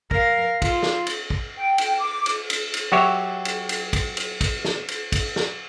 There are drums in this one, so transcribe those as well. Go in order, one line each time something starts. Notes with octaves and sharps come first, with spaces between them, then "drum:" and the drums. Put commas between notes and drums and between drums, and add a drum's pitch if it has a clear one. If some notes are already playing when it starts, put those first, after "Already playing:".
A#4 F5, drum: kick
F4, drum: kick, cymbal
drum: snare
drum: cymbal
drum: kick
G5
drum: cymbal
D6
drum: cymbal
drum: cymbal
drum: cymbal
F#3 F#4 G4 C#5 E5
drum: cymbal
drum: cymbal
drum: kick, cymbal
drum: cymbal
drum: kick, cymbal
drum: snare
drum: cymbal
drum: kick, cymbal
drum: snare